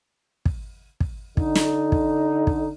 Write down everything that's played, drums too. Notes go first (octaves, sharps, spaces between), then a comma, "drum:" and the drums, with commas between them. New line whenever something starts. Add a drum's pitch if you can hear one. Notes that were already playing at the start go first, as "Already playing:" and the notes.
drum: kick
drum: kick
D3 D#4, drum: kick
drum: snare
drum: kick
drum: kick